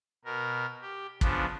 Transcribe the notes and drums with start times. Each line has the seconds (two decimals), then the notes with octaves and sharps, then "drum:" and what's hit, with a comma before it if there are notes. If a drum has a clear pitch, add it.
0.25 B2 A#4
0.82 G4
1.21 C#3 F3 B3 D4, drum: kick